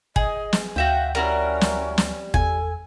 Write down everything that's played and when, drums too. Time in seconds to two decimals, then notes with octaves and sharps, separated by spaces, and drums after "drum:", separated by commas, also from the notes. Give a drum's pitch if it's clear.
0.16 G#4 D#5, drum: kick
0.53 drum: snare
0.76 D2 F#4 E5 F5 G5
1.15 G3 C#4 E4 F#4 A#4
1.61 drum: snare
1.98 drum: snare
2.34 E2 A4 G#5, drum: kick